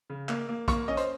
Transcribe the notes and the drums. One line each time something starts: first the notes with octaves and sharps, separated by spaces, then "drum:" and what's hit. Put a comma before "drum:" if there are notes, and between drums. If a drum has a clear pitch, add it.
C#3
A#3, drum: clap
A#3
A#3 C#6, drum: kick A#1, hi-hat
C#4 D#5
C5, drum: hi-hat